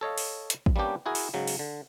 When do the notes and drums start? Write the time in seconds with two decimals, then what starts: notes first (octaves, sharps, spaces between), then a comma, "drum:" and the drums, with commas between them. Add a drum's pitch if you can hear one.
0.01 A4 C#5 D#5 F5
0.18 drum: open hi-hat
0.50 drum: hi-hat
0.66 drum: kick
0.76 G3 A#3 B3 C#4 D4 G4
1.06 E4 F#4 G#4 A#4
1.15 drum: open hi-hat
1.34 G#2 C#3 F#3
1.47 drum: open hi-hat
1.59 D3